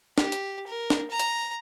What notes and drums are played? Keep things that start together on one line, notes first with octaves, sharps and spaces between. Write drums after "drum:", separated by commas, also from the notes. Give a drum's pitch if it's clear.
G4, drum: snare
drum: hi-hat
A#4
drum: snare
A#5
drum: hi-hat